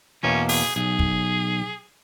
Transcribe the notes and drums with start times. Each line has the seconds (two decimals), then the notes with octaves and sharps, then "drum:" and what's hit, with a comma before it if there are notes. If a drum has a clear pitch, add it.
0.23 E2 B2 A#3 C#4
0.49 G#4, drum: open hi-hat
0.76 B1 G#4
0.99 drum: kick